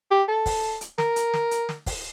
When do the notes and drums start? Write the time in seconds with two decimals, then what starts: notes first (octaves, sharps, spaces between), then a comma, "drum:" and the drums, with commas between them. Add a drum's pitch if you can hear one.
0.11 G4
0.28 A4
0.46 drum: kick, open hi-hat
0.81 drum: hi-hat
0.98 A#4, drum: snare
1.16 drum: hi-hat
1.34 drum: snare
1.51 drum: hi-hat
1.69 drum: snare
1.86 drum: kick, open hi-hat